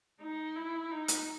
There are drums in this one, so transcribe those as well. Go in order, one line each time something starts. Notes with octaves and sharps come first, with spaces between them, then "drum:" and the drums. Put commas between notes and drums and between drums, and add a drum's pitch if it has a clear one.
D#4
E4
D#4
drum: hi-hat